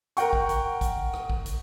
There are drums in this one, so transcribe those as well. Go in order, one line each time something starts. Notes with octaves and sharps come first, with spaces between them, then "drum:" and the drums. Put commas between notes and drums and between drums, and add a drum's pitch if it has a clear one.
A#4 F#5 G5 C#6, drum: hi-hat
drum: kick A1
drum: hi-hat
drum: kick A1, hi-hat
drum: rim click
drum: kick A1
drum: hi-hat